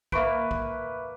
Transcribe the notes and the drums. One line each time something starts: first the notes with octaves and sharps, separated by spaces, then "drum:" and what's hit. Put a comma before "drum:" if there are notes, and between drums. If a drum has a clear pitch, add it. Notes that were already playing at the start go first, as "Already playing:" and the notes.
A#3 B4 E5 C#6 D7, drum: kick
drum: kick